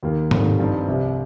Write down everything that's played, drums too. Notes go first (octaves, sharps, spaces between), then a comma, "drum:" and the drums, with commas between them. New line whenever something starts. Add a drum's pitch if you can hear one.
D#2 D#3 A#3
F1 F2 D#3 G3 C4, drum: tom G#2
G2 F3 C4 D#4
C2 C3 F3